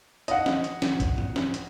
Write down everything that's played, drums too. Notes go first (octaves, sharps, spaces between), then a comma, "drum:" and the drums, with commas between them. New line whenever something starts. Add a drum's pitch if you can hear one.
D#5 F#5, drum: hi-hat
drum: snare
drum: hi-hat
drum: snare
drum: kick, hi-hat
drum: tom G#2
drum: snare
drum: hi-hat